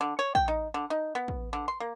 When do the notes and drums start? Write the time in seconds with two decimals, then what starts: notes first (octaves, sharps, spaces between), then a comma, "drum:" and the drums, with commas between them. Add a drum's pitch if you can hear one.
0.01 D3
0.19 C#5
0.35 G5, drum: kick
0.48 D#4
0.74 D3
0.90 D#4
1.15 B3
1.28 drum: kick
1.53 D3
1.68 C6
1.80 A#3